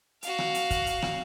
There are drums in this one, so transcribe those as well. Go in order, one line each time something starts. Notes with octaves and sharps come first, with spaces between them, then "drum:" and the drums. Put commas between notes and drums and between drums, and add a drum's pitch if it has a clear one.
F#4 F5, drum: hi-hat
drum: rim click
drum: hi-hat
drum: kick, hi-hat
drum: hi-hat
drum: rim click